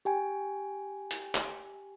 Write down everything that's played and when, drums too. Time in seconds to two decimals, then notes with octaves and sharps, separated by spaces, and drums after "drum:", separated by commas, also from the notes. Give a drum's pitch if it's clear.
0.05 G4 G5 G#5
1.11 drum: hi-hat
1.35 drum: clap